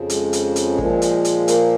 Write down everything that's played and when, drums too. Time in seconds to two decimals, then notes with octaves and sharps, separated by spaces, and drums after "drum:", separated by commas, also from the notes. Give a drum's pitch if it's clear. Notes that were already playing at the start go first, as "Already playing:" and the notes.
Already playing: F2 C#3 F3
0.10 G#3, drum: hi-hat
0.33 drum: hi-hat
0.56 drum: hi-hat
0.78 A#2 F3, drum: kick
1.02 drum: hi-hat
1.25 drum: hi-hat
1.48 A#3, drum: hi-hat